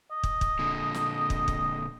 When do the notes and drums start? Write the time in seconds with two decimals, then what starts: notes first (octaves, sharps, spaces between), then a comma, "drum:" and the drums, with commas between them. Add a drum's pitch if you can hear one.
0.11 D#5
0.23 drum: kick
0.41 drum: kick
0.59 A#2 D3
0.94 drum: snare
1.30 drum: kick
1.48 drum: kick